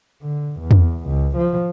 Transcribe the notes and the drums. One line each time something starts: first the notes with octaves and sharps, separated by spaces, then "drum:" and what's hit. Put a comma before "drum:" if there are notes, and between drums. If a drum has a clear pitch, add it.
D3
E2
drum: tom
C#2
F3